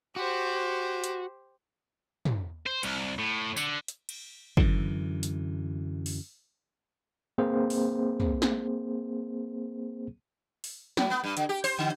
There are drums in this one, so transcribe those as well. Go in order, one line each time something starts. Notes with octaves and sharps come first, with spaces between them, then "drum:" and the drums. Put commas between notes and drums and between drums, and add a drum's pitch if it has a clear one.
F#4 G4 C5
drum: hi-hat
drum: tom
C5
C2, drum: cymbal
A2
D3, drum: tambourine
drum: hi-hat
drum: cymbal
F#2 D3 E3, drum: kick
drum: hi-hat
drum: open hi-hat
A#3 C4 G#4 C5
drum: open hi-hat
drum: tom
drum: snare
drum: open hi-hat
F#3, drum: snare
B3
G2
D3, drum: hi-hat
G4
C5, drum: open hi-hat
D3